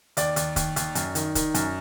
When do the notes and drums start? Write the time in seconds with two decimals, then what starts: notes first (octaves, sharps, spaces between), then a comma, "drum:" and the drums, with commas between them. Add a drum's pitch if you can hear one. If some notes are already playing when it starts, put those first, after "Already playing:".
0.17 D#2 D5, drum: hi-hat
0.36 D#2, drum: hi-hat
0.56 D#2, drum: kick, hi-hat
0.76 D#2, drum: hi-hat
0.95 F#2, drum: hi-hat
1.15 D#3, drum: hi-hat
1.35 D#3, drum: kick, hi-hat
1.54 F#2, drum: hi-hat